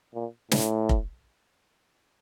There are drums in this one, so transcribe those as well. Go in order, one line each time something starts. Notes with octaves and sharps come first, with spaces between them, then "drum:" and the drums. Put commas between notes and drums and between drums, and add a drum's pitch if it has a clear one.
A#2
A2, drum: snare
drum: kick F1